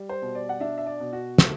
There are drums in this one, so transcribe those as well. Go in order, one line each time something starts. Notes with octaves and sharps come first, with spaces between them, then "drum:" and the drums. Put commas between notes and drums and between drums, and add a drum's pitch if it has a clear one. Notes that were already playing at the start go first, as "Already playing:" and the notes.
Already playing: G3
C5
B2
D5
F#5
D4 E5
E5
D5
B2
F#4
A3, drum: snare